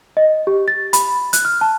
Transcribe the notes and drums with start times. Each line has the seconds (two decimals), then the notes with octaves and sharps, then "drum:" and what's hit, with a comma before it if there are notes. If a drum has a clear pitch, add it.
0.17 D#5
0.47 G4
0.68 A6
0.93 B5, drum: hi-hat
1.33 F#6, drum: hi-hat
1.45 F6
1.61 A5